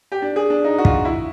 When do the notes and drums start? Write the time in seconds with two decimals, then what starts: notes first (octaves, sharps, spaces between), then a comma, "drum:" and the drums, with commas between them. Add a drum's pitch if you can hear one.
0.12 G4
0.22 D4
0.36 G#4
0.50 D4
0.64 D#4
0.78 F#4
0.85 F4, drum: kick
1.05 E4